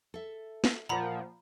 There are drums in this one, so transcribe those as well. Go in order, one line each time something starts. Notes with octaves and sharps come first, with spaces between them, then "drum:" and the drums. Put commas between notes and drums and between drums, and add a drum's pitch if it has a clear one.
A4 E5
drum: snare
A#2 F3 A#4 F#5 A#5 B5